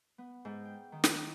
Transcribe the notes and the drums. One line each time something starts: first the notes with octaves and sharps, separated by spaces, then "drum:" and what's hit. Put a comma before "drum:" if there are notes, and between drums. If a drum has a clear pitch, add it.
B3
G#2
G5
D#3
drum: snare